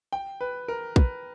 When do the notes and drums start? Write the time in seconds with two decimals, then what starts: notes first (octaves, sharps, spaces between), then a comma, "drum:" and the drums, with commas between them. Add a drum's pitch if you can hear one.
0.12 G5
0.41 B4
0.68 A#4
0.96 B4, drum: kick